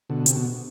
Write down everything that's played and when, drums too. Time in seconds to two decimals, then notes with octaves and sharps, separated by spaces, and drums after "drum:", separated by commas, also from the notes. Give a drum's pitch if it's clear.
0.10 B2 D3
0.26 C3, drum: hi-hat
0.36 B2